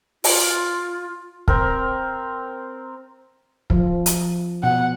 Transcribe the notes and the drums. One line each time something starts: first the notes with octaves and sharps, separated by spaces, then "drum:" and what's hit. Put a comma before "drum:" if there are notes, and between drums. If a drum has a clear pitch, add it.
F4, drum: open hi-hat
C4 A#4, drum: kick
F3, drum: kick
drum: hi-hat
B2 F#5